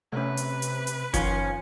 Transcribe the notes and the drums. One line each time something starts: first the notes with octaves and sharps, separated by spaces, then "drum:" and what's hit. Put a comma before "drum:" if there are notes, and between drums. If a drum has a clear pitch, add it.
C3 A3 C#4 B4
drum: hi-hat
drum: hi-hat
drum: hi-hat
D#3 F3 C#4 F4, drum: kick F#1, hi-hat